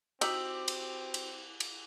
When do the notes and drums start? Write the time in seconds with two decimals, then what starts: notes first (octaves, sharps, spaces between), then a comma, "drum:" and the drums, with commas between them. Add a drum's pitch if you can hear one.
0.21 C4 D#4 F#4 G4 E6 F#7, drum: cymbal
0.68 drum: cymbal
1.14 drum: cymbal
1.60 drum: cymbal